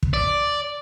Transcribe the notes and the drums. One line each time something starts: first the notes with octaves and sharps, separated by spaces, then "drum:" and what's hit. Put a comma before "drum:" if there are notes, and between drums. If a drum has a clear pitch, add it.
drum: kick
D5